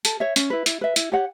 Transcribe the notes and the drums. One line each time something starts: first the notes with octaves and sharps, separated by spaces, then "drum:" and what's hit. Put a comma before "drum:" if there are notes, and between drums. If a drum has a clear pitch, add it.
A4, drum: hi-hat
C#5 E5
C#4, drum: hi-hat
E4 B4
E4, drum: hi-hat
B4 E5
E4, drum: hi-hat
G4 C#5 F#5